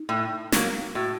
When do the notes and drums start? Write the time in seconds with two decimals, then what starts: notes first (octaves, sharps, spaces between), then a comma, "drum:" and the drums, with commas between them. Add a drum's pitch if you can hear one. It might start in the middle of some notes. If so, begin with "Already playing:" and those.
Already playing: D#4
0.09 A2
0.52 F#3 A#3, drum: snare
0.95 A2 F#4